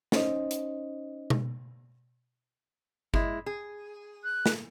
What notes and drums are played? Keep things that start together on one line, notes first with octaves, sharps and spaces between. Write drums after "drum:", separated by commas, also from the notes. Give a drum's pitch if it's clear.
C#4 D#4 C5 D#5, drum: snare
drum: hi-hat
drum: tom B2
G#3 E4, drum: kick G1
G#4
F#6
drum: snare